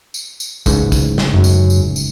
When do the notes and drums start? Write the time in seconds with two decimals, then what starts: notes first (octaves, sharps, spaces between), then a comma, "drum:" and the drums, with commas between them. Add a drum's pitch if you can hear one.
0.14 drum: tambourine
0.40 drum: tambourine
0.66 D1 C#2 G#2, drum: kick A#1, tambourine
0.92 drum: kick A#1, tambourine
1.18 drum: snare
1.34 F#2
1.44 drum: tambourine
1.70 drum: tambourine
1.96 drum: tambourine